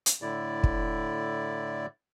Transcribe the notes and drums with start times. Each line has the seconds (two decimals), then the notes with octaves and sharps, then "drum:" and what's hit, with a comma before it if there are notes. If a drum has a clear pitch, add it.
0.06 drum: hi-hat
0.22 A2 D3 E4 D5
0.64 drum: kick